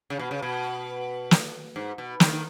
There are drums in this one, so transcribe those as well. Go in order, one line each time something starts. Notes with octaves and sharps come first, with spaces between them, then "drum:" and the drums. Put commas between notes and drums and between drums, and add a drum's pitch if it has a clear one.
C#3
B2
C#3
B2
drum: snare
G#2
B2
D#3, drum: snare
D#3